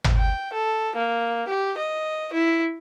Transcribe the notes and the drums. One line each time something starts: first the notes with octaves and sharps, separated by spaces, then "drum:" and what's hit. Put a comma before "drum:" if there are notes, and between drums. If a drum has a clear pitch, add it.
drum: tom G#1
G5
A4
A#3
G4
D#5
E4